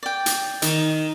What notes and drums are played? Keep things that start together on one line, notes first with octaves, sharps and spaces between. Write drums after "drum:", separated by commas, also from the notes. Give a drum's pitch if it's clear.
D5 G5
drum: hi-hat
D#3, drum: hi-hat